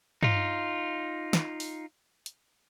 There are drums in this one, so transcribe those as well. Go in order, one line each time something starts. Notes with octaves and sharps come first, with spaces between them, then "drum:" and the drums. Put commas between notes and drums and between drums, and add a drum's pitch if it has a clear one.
D#4 F4, drum: tom G2
drum: snare
drum: open hi-hat
drum: hi-hat